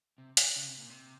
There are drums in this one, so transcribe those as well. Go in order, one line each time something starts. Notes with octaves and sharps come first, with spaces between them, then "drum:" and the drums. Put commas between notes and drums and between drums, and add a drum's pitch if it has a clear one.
C3
drum: hi-hat
C#3
C3
A#2
C3